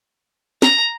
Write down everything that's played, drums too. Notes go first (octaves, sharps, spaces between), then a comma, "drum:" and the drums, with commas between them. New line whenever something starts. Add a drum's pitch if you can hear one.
A#5, drum: snare